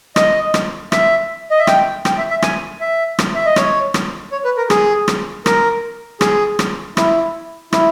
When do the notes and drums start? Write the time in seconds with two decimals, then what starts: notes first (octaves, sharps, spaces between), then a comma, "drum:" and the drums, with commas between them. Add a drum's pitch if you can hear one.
0.16 D#5, drum: rim click
0.54 drum: rim click
0.92 E5, drum: rim click
1.51 D#5
1.59 E5
1.67 G5, drum: rim click
2.05 G5, drum: rim click
2.18 E5
2.30 E5
2.42 G#5, drum: rim click
2.81 E5
3.19 drum: rim click
3.35 E5
3.46 D#5
3.56 C#5, drum: rim click
3.94 drum: rim click
4.32 C#5
4.45 B4
4.57 A#4
4.70 G#4, drum: rim click
5.08 drum: rim click
5.46 A#4, drum: rim click
6.21 G#4, drum: rim click
6.59 drum: rim click
6.97 E4, drum: rim click
7.73 E4, drum: rim click